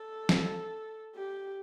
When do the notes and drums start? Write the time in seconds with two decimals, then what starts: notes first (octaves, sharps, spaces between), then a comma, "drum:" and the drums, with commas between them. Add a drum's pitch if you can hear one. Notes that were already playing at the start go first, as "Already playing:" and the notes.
Already playing: A4
0.29 drum: snare
1.16 G4